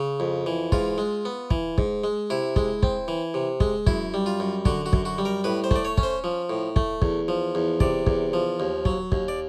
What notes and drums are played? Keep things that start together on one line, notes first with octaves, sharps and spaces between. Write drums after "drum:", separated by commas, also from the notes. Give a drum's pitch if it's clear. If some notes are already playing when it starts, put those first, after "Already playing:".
Already playing: C#3
F2
E3
G#2 F4, drum: kick
G#3
B3
E3, drum: kick
G#2, drum: kick
G#3
C3 E4
G#3, drum: kick
C4, drum: kick
E3
C3
G#3, drum: kick
F#2 E4, drum: kick
G3
F4
F#2
D3 F#4, drum: kick
F#4
F#2, drum: kick
F#4
G3
A#4
A2 B4
C5
A3 D5, drum: kick
C#5
C#4, drum: kick
C5
F3
A2
A3, drum: kick
E2, drum: kick
F3
E2
C3 D5, drum: kick
E2, drum: kick
F3
D#2
F#3, drum: kick
D#2, drum: kick
D5